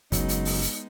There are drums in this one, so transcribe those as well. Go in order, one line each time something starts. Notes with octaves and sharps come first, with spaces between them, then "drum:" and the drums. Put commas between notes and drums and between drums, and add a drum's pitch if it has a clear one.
F#1 C#3 F#3 G#3 B3 D#4, drum: kick, hi-hat
drum: hi-hat
drum: open hi-hat
drum: hi-hat